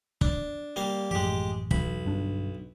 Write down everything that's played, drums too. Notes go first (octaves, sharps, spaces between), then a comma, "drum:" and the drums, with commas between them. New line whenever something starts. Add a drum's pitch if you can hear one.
D4, drum: kick
G3 A#3 F5
A1 F#2 F3 G#3 G4
E1 B1 B5, drum: kick
G1 G2 D4